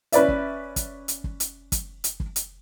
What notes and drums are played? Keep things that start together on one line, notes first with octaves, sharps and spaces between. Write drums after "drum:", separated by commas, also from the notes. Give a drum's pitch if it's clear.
C#4 B4 D5 E5, drum: hi-hat
drum: kick F#1
drum: kick F#1, hi-hat
drum: hi-hat
drum: kick F#1
drum: hi-hat
drum: kick F#1, hi-hat
drum: hi-hat
drum: kick F#1
drum: hi-hat